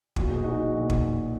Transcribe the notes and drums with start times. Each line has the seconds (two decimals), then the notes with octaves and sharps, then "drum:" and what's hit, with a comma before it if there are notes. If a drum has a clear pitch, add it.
0.16 B1 A#2 F#4, drum: kick
0.30 G#4
0.44 D#4 F#4
0.71 B1 A#2
0.90 drum: kick